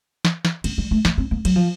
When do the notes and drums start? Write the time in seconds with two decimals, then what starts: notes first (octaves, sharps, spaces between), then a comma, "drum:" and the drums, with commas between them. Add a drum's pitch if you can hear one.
0.25 drum: snare
0.45 drum: snare
0.64 B3, drum: cymbal
0.78 G3
0.91 A3
1.05 A#3, drum: snare
1.18 C4
1.31 A#3
1.45 F#3, drum: cymbal
1.56 F3